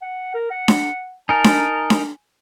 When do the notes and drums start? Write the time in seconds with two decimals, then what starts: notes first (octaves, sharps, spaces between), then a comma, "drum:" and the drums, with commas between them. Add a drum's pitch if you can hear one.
0.02 F#5
0.34 A#4
0.51 F#5
0.68 drum: snare D4
1.29 D#4 A#4 G#5 A5
1.44 drum: snare D4
1.90 drum: snare D4